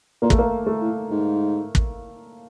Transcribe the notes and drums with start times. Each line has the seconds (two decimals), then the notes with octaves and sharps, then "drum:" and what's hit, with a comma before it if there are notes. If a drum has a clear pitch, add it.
0.22 A#2 A#3
0.30 A3, drum: kick
0.38 A#3
0.66 A3
0.81 A2
1.10 G#2
1.75 drum: kick